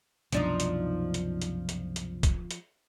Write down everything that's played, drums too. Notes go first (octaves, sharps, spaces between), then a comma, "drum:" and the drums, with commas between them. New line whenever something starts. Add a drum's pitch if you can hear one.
C2 F#2 B2 F3 D4 D#4, drum: hi-hat
drum: hi-hat
drum: hi-hat
drum: hi-hat
drum: hi-hat
drum: hi-hat
drum: kick, hi-hat
drum: hi-hat